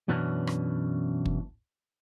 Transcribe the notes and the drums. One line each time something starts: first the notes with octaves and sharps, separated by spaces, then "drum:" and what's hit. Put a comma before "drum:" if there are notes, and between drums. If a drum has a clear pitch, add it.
F#2 B2 E3 C#4 D4
drum: rim click
drum: kick